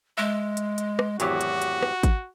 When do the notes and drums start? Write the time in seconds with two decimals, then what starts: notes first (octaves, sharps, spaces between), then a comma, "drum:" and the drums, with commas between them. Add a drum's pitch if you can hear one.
0.18 G#3 E5
0.57 drum: hi-hat
0.78 drum: hi-hat
0.99 drum: rim click
1.20 G#1 E2 F#3 F#4 G4, drum: hi-hat
1.41 drum: hi-hat
1.62 drum: hi-hat
1.82 drum: rim click
2.03 drum: kick G#1, hi-hat